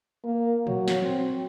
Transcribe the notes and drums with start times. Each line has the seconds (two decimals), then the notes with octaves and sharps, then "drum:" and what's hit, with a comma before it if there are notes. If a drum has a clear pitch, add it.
0.24 A#3
0.67 F#3, drum: tom A2
0.88 drum: snare
1.02 C4